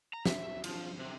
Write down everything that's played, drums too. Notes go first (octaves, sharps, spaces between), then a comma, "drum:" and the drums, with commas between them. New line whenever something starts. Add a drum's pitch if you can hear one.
A#5
E5, drum: snare
F3, drum: cymbal
C3